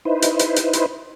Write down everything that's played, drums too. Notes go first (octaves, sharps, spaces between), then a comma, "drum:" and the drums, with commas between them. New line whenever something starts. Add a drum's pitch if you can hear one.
D#4 E4 B4 C5
drum: hi-hat
drum: hi-hat
drum: hi-hat
drum: hi-hat